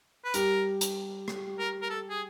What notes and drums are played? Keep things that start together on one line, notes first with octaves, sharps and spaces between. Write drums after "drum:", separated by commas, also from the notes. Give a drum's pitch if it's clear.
B4
G3 G4 A#4, drum: hi-hat
drum: hi-hat
drum: rim click
A#4
A#4
A4
G#4